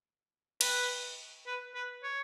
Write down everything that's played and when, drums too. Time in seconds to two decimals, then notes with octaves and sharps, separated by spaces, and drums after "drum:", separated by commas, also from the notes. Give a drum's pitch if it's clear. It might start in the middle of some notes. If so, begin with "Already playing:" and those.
0.61 B4, drum: cymbal
1.46 B4
1.75 B4
2.04 C#5